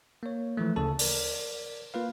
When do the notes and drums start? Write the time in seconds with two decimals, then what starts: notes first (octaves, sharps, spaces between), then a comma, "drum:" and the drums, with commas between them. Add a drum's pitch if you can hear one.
0.23 A#3 C#5
0.57 E3 F3 A3
0.76 D2 C#3 A4 A5
0.99 A#4 D5, drum: open hi-hat
1.94 A#3 F4 B4 F5